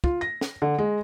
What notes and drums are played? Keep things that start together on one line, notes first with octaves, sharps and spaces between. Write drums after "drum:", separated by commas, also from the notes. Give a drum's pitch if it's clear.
F4, drum: kick
A#6
drum: snare
D3
G#3